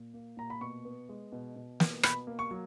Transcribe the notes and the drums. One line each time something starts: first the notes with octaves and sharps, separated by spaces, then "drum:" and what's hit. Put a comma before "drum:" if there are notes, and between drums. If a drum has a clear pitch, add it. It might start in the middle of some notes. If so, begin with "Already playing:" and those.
Already playing: A#2
A#3
A#2 A#5
B5
B2 C#6
B3
G#3
B2
B2
B3, drum: snare
B2 B5, drum: rim click
A#3
C#6
F#3